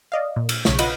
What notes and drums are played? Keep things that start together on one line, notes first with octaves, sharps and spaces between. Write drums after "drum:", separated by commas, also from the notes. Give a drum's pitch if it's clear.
D5 D#5 F5
A#2
drum: cymbal
B1 C#3 C#5 B6, drum: snare
F4 B4 D#5 F#5 B5, drum: cymbal